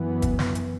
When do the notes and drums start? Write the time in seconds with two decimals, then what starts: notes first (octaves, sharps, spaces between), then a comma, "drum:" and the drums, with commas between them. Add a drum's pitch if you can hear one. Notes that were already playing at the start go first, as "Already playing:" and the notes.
Already playing: F#2 E3 B3
0.22 drum: kick, hi-hat
0.39 drum: snare
0.55 drum: hi-hat